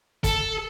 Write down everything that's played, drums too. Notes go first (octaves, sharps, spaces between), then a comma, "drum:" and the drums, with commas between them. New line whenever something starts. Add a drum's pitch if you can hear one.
A4, drum: kick, hi-hat